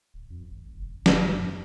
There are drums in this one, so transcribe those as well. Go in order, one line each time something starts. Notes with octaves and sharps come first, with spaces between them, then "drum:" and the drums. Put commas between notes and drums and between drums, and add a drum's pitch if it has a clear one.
D1
F2
G#1
F1
F#1
F1, drum: snare
F#2
G#2